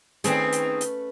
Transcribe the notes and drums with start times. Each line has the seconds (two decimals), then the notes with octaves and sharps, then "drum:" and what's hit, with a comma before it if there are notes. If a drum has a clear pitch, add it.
0.24 D#3 A3 C4 C#4 G#4 B4, drum: hi-hat
0.52 drum: hi-hat
0.81 drum: hi-hat